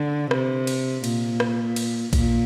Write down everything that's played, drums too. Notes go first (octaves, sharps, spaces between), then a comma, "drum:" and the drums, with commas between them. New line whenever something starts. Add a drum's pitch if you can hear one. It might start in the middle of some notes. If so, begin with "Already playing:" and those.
Already playing: D3
C3, drum: rim click
drum: cymbal
A#2, drum: cymbal
drum: rim click
drum: cymbal
A#2, drum: kick A#1, cymbal